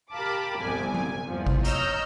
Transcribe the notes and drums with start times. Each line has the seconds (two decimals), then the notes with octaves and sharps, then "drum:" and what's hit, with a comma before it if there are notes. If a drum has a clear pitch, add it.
0.12 G4 A#4 F5 A5 B5 D6
0.59 G1 C2 F3 G#5 D6
0.94 G#5, drum: tom F3
1.27 E2 G2 F3
1.47 drum: kick G#1
1.65 C#5 D#5 A#5 E6 F6 G6, drum: hi-hat